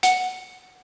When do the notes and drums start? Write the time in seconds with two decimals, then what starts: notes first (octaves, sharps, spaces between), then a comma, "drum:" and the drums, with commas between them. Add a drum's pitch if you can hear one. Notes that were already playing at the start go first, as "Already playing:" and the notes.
0.03 F#5, drum: hi-hat